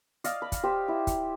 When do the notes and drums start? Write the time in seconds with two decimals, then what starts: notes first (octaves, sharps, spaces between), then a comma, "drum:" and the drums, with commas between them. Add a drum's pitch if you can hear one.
0.24 D5 D#5 F5, drum: hi-hat
0.42 B5
0.52 drum: kick, hi-hat
0.63 G4 C5
0.88 E4
1.07 drum: kick, hi-hat